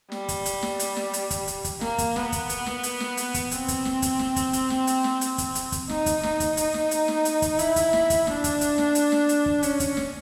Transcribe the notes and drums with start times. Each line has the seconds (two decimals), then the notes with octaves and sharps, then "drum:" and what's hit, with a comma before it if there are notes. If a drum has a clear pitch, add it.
0.12 G3, drum: snare
0.29 drum: kick, hi-hat
0.46 drum: hi-hat
0.62 drum: snare
0.79 drum: hi-hat
0.96 drum: snare
1.13 drum: hi-hat
1.30 drum: kick, hi-hat
1.47 drum: hi-hat
1.64 drum: kick, hi-hat
1.81 A#3, drum: snare
1.98 drum: kick, hi-hat
2.16 B3, drum: snare
2.32 drum: kick, hi-hat
2.49 drum: hi-hat
2.66 drum: snare
2.83 drum: hi-hat
3.00 drum: snare
3.17 drum: hi-hat
3.34 drum: kick, hi-hat
3.51 C4, drum: hi-hat
3.68 drum: kick, hi-hat
3.85 drum: snare
4.02 drum: kick, hi-hat
4.19 drum: snare
4.36 drum: kick, hi-hat
4.53 drum: hi-hat
4.70 drum: snare
4.87 drum: hi-hat
5.04 drum: snare
5.21 drum: hi-hat
5.38 drum: kick, hi-hat
5.55 drum: hi-hat
5.72 drum: kick, hi-hat
5.89 D#4, drum: snare
6.06 drum: kick, hi-hat
6.23 D#4, drum: snare
6.40 drum: kick, hi-hat
6.57 drum: hi-hat
6.74 drum: snare
6.91 drum: hi-hat
7.08 drum: snare
7.25 drum: hi-hat
7.42 drum: kick, hi-hat
7.59 E4, drum: hi-hat
7.76 drum: kick, hi-hat
7.93 drum: snare
8.10 drum: kick, hi-hat
8.27 D4, drum: snare
8.44 drum: kick, hi-hat
8.61 drum: hi-hat
8.78 drum: snare
8.95 drum: hi-hat
9.12 drum: snare
9.29 drum: hi-hat
9.46 drum: kick
9.63 C#4, drum: hi-hat
9.80 drum: kick, hi-hat
9.97 drum: snare